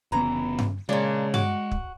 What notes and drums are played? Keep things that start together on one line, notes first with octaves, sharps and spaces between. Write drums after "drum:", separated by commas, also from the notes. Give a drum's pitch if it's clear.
F1 C#3 E3 B3 A#5
drum: tom G2
A#2 C#3 G#3 D4 C#5
F#4 D6, drum: tom G2
drum: kick